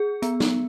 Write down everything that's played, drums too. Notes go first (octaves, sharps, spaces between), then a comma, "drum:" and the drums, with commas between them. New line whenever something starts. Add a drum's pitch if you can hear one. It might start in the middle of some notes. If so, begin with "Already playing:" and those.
Already playing: G#4
B3, drum: hi-hat
drum: snare